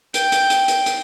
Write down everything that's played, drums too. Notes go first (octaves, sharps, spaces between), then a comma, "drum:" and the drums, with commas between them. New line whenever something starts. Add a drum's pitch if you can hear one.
G5, drum: hi-hat
drum: hi-hat
drum: hi-hat
drum: hi-hat
drum: hi-hat